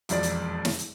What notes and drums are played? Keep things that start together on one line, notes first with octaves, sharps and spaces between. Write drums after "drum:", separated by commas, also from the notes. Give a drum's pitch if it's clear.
E1 F2 D5, drum: hi-hat
drum: hi-hat
drum: snare
drum: hi-hat